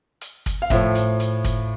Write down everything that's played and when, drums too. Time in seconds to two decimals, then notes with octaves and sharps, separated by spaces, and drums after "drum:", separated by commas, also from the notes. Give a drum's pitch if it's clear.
0.21 drum: hi-hat
0.46 drum: kick, hi-hat
0.62 F5
0.70 A2 F3 E5, drum: kick, hi-hat
0.95 drum: hi-hat
1.20 drum: hi-hat
1.45 drum: kick, hi-hat